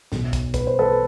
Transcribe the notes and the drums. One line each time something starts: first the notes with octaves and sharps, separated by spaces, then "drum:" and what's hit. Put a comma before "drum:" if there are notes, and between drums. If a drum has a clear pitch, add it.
B1 B2, drum: snare
drum: kick, hi-hat
B4, drum: kick, hi-hat
C5
A4 B4